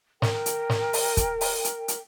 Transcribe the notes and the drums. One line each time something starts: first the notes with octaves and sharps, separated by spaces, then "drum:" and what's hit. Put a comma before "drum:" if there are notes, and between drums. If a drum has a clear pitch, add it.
A#4 G5, drum: snare
drum: hi-hat
drum: snare
drum: open hi-hat
drum: kick, hi-hat
drum: open hi-hat
drum: hi-hat
drum: hi-hat